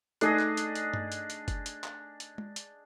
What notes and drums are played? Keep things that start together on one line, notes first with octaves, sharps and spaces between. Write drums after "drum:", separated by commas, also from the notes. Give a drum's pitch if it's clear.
A3 D4 D#4 G#4 D#5, drum: hi-hat
drum: clap
drum: hi-hat
drum: hi-hat
drum: tom G2
drum: hi-hat
drum: hi-hat
drum: kick F#1, hi-hat
drum: hi-hat
drum: clap
drum: hi-hat
drum: tom G#3
drum: hi-hat